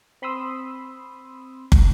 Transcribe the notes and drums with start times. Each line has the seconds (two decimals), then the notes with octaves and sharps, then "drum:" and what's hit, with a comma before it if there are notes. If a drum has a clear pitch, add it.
0.22 C4 B5 C6 D#6 E6
1.72 drum: kick